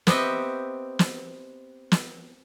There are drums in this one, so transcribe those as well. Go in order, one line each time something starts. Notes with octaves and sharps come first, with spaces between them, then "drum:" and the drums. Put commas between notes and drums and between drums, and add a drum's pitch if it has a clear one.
B3 C4 G4 D#5 E5, drum: snare
drum: snare
drum: snare